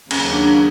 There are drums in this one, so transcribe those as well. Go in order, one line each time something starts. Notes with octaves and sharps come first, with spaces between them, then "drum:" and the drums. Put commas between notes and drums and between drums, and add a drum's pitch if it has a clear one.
D#2 C#3 F#3 A#3 C#4, drum: cymbal
D4